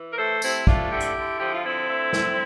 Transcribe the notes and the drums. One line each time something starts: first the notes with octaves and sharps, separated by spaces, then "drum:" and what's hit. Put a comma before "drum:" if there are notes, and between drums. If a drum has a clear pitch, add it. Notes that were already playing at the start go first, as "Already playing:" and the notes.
Already playing: E3
A#4
A3 A4 C5
C3 C4 E4, drum: tambourine
A3 D4 F4, drum: kick
D3 E4 G4
drum: hi-hat
D3
F3 G4
F4
D3 C4 E4
A3
D3, drum: snare